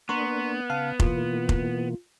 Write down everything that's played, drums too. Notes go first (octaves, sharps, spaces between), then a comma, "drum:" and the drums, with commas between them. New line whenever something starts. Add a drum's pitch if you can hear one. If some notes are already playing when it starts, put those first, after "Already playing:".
A#3 B3 D4 A#5 C6 C#6
C#3 F5 A5 F6
B2 E3 A#3 F4, drum: kick F1
drum: kick F1